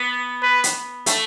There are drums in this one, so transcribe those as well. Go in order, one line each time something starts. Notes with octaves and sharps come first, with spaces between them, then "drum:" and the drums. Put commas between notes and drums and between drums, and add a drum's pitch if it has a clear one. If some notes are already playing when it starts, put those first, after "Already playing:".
Already playing: B3
B4
drum: hi-hat
A3, drum: hi-hat